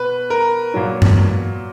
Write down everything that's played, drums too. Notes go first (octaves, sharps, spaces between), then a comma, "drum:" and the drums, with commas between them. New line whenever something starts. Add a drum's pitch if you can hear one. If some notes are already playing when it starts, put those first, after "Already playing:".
Already playing: B2 B4
A#4
A#2 F#3
drum: tom G2